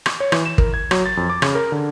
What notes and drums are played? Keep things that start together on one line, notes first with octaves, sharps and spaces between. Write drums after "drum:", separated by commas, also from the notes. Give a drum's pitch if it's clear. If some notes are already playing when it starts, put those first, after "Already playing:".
drum: rim click
C#5
E3, drum: rim click
E7
A#4, drum: kick
G#6
F#3, drum: rim click
A6
F2
D6
C#3, drum: rim click
A#4
D3